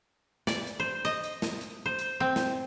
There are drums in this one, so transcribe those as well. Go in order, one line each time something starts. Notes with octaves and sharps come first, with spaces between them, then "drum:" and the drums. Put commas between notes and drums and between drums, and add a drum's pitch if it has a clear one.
D5, drum: snare
drum: hi-hat
C5
D#5, drum: hi-hat
drum: hi-hat
drum: snare
drum: hi-hat
C5
drum: hi-hat
C4
drum: snare